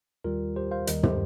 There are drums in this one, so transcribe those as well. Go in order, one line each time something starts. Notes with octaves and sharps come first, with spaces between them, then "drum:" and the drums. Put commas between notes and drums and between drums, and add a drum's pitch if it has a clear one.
D#2 D#3 G3 F4 A#4
G4 C5
C5 F5
D#2 D#3 G3 A#4 D#5, drum: hi-hat
G4 C5, drum: tom